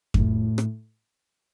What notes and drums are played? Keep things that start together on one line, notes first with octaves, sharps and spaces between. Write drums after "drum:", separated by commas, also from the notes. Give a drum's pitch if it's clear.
A2, drum: kick F2
drum: rim click